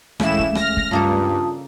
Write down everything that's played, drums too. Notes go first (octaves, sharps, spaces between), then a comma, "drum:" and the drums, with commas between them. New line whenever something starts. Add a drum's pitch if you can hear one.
C#2 A2 C#3 E3 G#3 A3 E4 E7, drum: rim click
drum: kick
F6 A#6, drum: rim click
drum: kick
G2 C#3 A#3 F4 A4 A5 D#6